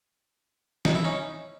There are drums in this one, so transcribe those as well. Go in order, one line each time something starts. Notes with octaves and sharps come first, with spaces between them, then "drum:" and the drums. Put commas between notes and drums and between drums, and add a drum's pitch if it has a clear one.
D#4, drum: snare
E4
C#4 D#4